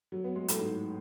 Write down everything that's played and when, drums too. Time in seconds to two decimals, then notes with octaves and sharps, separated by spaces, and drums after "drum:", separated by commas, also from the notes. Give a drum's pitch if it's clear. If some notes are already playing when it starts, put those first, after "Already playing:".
0.12 F#3
0.24 B3
0.36 G#3
0.48 A2, drum: hi-hat
0.61 G#2